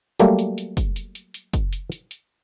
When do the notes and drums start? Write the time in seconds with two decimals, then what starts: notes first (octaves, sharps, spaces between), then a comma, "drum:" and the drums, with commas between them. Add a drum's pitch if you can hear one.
0.20 F#3 G3 A3 A#3, drum: hi-hat
0.39 drum: hi-hat
0.58 drum: hi-hat
0.77 drum: kick, hi-hat
0.96 drum: hi-hat
1.15 drum: hi-hat
1.34 drum: hi-hat
1.53 drum: kick, hi-hat
1.73 drum: hi-hat
1.92 drum: hi-hat
2.11 drum: hi-hat